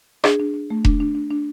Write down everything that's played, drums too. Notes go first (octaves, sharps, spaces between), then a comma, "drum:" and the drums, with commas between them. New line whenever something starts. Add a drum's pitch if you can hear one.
D4 G#4, drum: rim click
D4
D4
A3
D4, drum: kick E1
D4
D4
D4